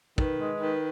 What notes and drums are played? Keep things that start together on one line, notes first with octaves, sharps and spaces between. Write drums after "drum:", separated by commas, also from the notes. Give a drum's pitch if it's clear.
D#3 B4, drum: kick
G#3
D#3 B4